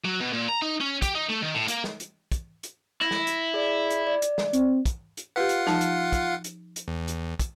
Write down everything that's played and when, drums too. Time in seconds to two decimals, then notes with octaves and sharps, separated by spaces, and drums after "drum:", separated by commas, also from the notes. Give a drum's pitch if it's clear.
0.05 F#3
0.21 B2
0.33 A#2
0.49 A#5
0.62 D#4
0.81 C#4
1.02 G4, drum: kick, hi-hat
1.15 D#4
1.29 A3
1.42 D#3
1.54 A2
1.68 A#3, drum: hi-hat
1.84 drum: snare
2.00 drum: hi-hat
2.32 drum: kick, hi-hat
2.63 drum: hi-hat
3.02 E4 A#6
3.11 drum: snare
3.27 drum: hi-hat
3.54 G#4 D5
3.90 drum: hi-hat
4.07 D5
4.22 drum: hi-hat
4.38 drum: snare
4.53 C4, drum: hi-hat
4.86 drum: kick, hi-hat
5.17 drum: hi-hat
5.36 F4 G4 B4 F5 F#5
5.49 drum: hi-hat
5.67 F3 D#4 A5, drum: snare
5.81 drum: hi-hat
6.12 drum: kick, hi-hat
6.44 drum: hi-hat
6.76 drum: hi-hat
6.88 E2
7.08 drum: hi-hat
7.39 drum: kick, hi-hat